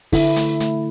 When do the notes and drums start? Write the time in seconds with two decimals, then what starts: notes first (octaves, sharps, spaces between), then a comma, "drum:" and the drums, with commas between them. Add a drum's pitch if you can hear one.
0.13 D3 E4 A4, drum: kick, open hi-hat
0.36 A3, drum: hi-hat
0.60 A3, drum: hi-hat